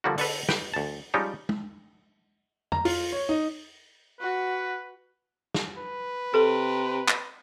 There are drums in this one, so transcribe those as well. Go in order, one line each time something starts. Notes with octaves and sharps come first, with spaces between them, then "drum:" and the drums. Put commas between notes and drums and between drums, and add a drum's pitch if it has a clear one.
D3 F3 G3 A#3 F#4
D3 A4 B4, drum: open hi-hat
B4 G5, drum: snare
D2 A5
F3 G3 G#3 C#4 D#4 G4
drum: tom
A#5, drum: tom
F4, drum: open hi-hat
C#5
D#4
F#4 B4
drum: snare
B4
C3 A4
drum: clap